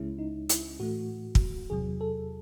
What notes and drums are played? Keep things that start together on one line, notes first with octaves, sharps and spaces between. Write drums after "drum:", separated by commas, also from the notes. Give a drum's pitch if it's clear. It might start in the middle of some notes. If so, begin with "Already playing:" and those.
Already playing: C#2 C#3 G#3 C#4 E4
D#4
E4, drum: hi-hat
A2 E3 A3 F#4
drum: kick
E2 C3 F#3 G#4
A4